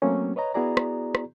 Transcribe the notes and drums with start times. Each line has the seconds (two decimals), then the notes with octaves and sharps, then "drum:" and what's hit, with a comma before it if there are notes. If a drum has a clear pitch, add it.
0.02 F#3 A3 A#3 C4 C#4 F#4
0.36 B4 C#5 D#5 A#5
0.54 B3 E4 F#4 G#4 D5 A#5
0.77 drum: rim click
1.15 drum: rim click